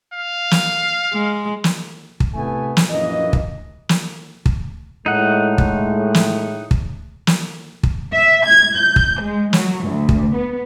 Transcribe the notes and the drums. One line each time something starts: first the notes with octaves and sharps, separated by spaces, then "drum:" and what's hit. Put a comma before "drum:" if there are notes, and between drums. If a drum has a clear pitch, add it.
F5
drum: snare
G#3
drum: snare
drum: kick
A2 C3 A3 B3 A4 G#5
drum: snare
A#1 F#2 E3 A#3 D#5
drum: kick
drum: snare
drum: kick
A2 G#3 D#4 F#5
drum: kick
drum: snare
drum: kick
drum: snare
drum: kick
E5
G#6
G6
drum: kick
G#3
F#3, drum: snare
D2
drum: kick
B3